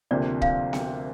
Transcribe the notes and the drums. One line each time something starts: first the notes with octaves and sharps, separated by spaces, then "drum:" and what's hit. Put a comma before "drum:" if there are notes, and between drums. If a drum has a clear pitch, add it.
D2 C3 F3 A#3 D4 D5
F5, drum: kick
G5, drum: snare B3